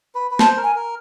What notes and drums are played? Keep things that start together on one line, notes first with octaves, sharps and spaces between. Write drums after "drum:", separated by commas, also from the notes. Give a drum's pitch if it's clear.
B4
B4
C5 A5, drum: snare
A#4
G#5
A#4